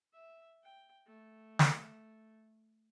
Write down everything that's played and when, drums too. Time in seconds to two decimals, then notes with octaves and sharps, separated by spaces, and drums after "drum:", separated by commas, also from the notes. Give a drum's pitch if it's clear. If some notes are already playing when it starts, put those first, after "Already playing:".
0.14 E5
0.63 G5
1.07 A3
1.59 drum: snare